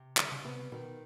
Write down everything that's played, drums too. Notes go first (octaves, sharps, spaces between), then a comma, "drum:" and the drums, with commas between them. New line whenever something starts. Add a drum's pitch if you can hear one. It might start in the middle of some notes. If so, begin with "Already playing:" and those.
Already playing: C3
D3 G3, drum: clap
C#3
C3 B3
B2 D#3